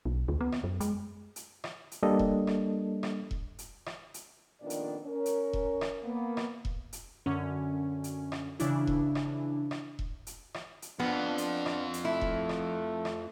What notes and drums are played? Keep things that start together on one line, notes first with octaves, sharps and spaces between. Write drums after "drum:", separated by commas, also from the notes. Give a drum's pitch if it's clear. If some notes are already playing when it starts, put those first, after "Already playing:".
B1
D2
B3
drum: rim click
F#2
G#3, drum: hi-hat
drum: hi-hat
drum: rim click
drum: hi-hat
G3 A#3 D4 A4 D#5
drum: kick E1
drum: rim click
drum: rim click
drum: kick E1
drum: hi-hat
drum: rim click
drum: hi-hat
F2 A#2 D#3 B3 D4 D5
drum: hi-hat
C#4 A#4
drum: hi-hat
drum: kick E1
drum: rim click
A#3 B3
drum: rim click
drum: kick E1
drum: hi-hat
F#2 D3 C#4
drum: hi-hat
drum: rim click
C#3 E3 D4 E4, drum: hi-hat
drum: kick E1
drum: rim click
drum: rim click
drum: kick E1
drum: hi-hat
drum: rim click
drum: hi-hat
F2 B3 D4 F4
drum: hi-hat
drum: rim click
drum: hi-hat
A3 E4
drum: kick E1
drum: rim click
drum: rim click